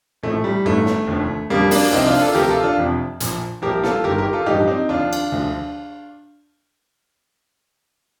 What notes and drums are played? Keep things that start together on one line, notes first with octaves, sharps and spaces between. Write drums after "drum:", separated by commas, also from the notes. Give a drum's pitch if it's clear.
A#1 A2 F3 A3
G3
A1 G2 D#3 A3
drum: snare
F1 D#2 D3 F3
F1 F2 D3 F3 G3 A#3
A#3 D4, drum: open hi-hat
C2 C3 F3 C4 D#4
D4 F4
F4 A4
D2 C3 F3 G4 A#4
F4 A4
D4 F4
F1 F2 C3 F3
A#1 A#2 F3, drum: hi-hat
C2 A#2 F3 G4 A#4
F4 A4, drum: snare
G1 G2 D#3 G4 A#4
G4 A#4
F4 A4
A1 G2 F3 D#4 G4
C4 D#4
D#2 D3 F3 D4 F4
drum: cymbal
D2 D3 F3